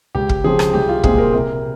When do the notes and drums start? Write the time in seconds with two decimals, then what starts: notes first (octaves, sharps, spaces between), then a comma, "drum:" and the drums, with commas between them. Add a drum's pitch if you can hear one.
0.15 C#2 G4
0.29 drum: kick
0.44 C#3 F3 C4 G#4
0.59 drum: rim click
0.73 C2 G4
0.89 F4
1.04 A#2 G#3 C4 G#4, drum: kick
1.18 A#4
1.33 C3 A#4